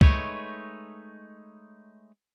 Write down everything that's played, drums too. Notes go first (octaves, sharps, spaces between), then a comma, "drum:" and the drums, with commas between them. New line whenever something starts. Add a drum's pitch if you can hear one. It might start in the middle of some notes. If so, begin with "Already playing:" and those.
G#3 A3 D#4 B4 C#5, drum: kick